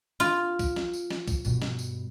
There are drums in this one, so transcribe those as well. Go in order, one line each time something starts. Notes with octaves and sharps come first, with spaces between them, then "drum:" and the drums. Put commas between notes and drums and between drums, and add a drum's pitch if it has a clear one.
F4
drum: kick B1, tambourine
drum: snare
drum: tambourine
drum: snare
drum: kick B1, tambourine
G2 B2, drum: tambourine
drum: snare
drum: tambourine